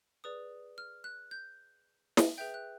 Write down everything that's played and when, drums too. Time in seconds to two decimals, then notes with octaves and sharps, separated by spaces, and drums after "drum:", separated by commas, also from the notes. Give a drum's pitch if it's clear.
0.24 G#4 B4 D5 D#6
0.78 F6
1.04 F#6
1.31 G6
2.17 drum: snare
2.38 G#4 B4 E5 G5 G6
2.54 F#6